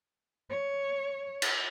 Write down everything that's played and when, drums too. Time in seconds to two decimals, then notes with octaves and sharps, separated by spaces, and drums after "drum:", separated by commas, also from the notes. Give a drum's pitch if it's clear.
0.50 C#5
1.42 drum: cymbal